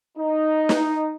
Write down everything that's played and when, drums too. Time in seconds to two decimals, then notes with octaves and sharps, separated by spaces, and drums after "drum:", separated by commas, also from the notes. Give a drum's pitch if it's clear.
0.18 D#4
0.69 drum: snare